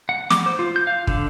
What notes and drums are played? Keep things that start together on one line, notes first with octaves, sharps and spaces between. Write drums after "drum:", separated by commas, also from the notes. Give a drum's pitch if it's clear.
F#5
D6, drum: snare
C5
F4
G6
F5
D3, drum: kick